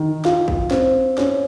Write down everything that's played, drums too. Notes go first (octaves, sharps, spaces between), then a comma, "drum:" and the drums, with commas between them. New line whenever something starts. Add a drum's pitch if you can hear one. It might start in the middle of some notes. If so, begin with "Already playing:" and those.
Already playing: D#3
F4, drum: snare
drum: kick
C4, drum: snare
C#4, drum: snare